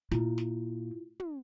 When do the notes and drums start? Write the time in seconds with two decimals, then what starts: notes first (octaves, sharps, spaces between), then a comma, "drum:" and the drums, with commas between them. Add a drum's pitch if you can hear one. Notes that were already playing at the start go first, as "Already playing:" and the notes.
0.11 A#2 E4 F4, drum: snare
0.38 drum: snare
1.20 drum: tom